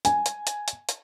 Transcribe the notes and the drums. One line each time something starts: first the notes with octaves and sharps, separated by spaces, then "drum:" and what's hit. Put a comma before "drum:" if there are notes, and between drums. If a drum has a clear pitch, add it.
G#5, drum: hi-hat
drum: hi-hat
drum: hi-hat
drum: hi-hat
drum: hi-hat